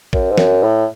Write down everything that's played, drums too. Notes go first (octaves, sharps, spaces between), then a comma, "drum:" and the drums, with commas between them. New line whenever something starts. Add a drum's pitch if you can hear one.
F#2, drum: kick A1
G#2
F#2, drum: snare
A2